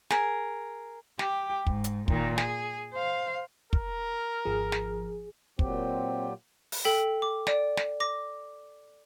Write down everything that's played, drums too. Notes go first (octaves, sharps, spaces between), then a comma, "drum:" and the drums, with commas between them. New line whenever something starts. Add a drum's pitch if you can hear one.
G#4 A#4, drum: snare
G4, drum: snare
G#2, drum: kick
drum: hi-hat
A#2 D#3, drum: kick
G#4, drum: snare
C5 F5
A#4, drum: kick
G#1 F3 G#4
drum: snare
A#2 F#3 C4 G4, drum: kick
drum: open hi-hat
A4 G5 B6
D6
D5 D7, drum: snare
drum: snare
D6 A#6